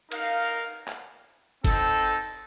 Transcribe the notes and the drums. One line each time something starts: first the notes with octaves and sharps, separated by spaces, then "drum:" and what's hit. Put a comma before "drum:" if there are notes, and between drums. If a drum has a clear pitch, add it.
D#4 A#4 F5, drum: cymbal
drum: clap
C4 D#4 A4, drum: kick, cymbal